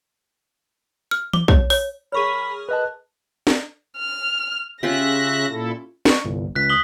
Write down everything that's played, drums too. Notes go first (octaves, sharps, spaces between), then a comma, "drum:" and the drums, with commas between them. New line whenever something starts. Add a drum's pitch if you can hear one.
F6
D6, drum: tom E3
C#5, drum: kick
C#5, drum: open hi-hat
G#4 A#4 C#5 B5 C#6 F6
B4 D#5 A5 F#6
drum: snare
F6
C#3 C#4 F4 G4 E5 F#6 A#6
A#2 E4 A4
C#6, drum: snare
G1 C2
C#2 F#6 B6
D#6 F#7 G7